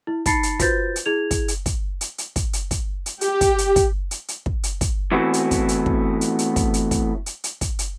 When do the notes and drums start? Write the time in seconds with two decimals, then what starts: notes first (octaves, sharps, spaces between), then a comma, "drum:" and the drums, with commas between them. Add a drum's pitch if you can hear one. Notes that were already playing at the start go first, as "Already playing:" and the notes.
0.07 E4
0.26 D#4 A5 B5 A6 C7 C#7, drum: kick, hi-hat
0.43 drum: hi-hat
0.59 F4 F#4 B4 C5 G6 A6, drum: kick, hi-hat
0.96 drum: hi-hat
1.06 E4 G#4 G#6 F7
1.31 drum: kick, hi-hat
1.48 drum: hi-hat
1.66 drum: kick, hi-hat
2.01 drum: hi-hat
2.18 drum: hi-hat
2.36 drum: kick, hi-hat
2.53 drum: hi-hat
2.71 drum: kick, hi-hat
3.06 drum: hi-hat
3.21 G4, drum: hi-hat
3.41 drum: kick, hi-hat
3.58 drum: hi-hat
3.76 drum: kick, hi-hat
4.11 drum: hi-hat
4.28 drum: hi-hat
4.46 drum: kick
4.63 drum: hi-hat
4.81 drum: kick, hi-hat
5.11 A2 E3 B3 C4 E4 F#4
5.34 drum: hi-hat
5.51 drum: kick, hi-hat
5.69 drum: hi-hat
5.86 drum: kick
6.21 drum: hi-hat
6.39 drum: hi-hat
6.56 drum: kick, hi-hat
6.74 drum: hi-hat
6.91 drum: kick, hi-hat
7.26 drum: hi-hat
7.44 drum: hi-hat
7.61 drum: kick, hi-hat
7.79 drum: hi-hat